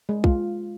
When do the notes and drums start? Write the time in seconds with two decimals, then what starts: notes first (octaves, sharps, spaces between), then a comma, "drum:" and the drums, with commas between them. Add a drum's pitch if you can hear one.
0.09 G#3
0.24 F4, drum: kick B1